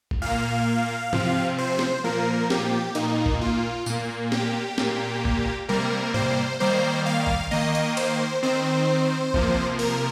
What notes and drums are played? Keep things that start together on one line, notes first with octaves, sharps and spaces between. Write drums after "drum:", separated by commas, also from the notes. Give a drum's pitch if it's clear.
drum: kick A1
A#2 A#3 F5
C3 F3 C4, drum: tom G#2
C5
drum: snare
A#2 F3 A#3 A#4
G4, drum: snare
A#2 A#3 D#4, drum: hi-hat
drum: kick A1
F4
A#2 A#3, drum: tambourine
G4, drum: snare
A#2 A#3, drum: snare
drum: kick A1
C3 G3 A#3 A#4
C5, drum: tom G#2
D#3 G3 A#3 C5
F5
drum: kick A1
D#3 A#3 D#5
drum: hi-hat
C5, drum: cymbal
D#3 C4 C5
C3 F3 A#3, drum: kick A1
A#4, drum: open hi-hat